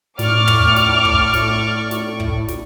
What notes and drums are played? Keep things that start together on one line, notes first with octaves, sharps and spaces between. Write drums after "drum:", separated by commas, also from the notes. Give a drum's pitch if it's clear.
A2 D5 C#6 D6 F6, drum: snare
drum: tom
drum: snare
drum: kick
drum: snare
drum: snare
drum: kick
drum: snare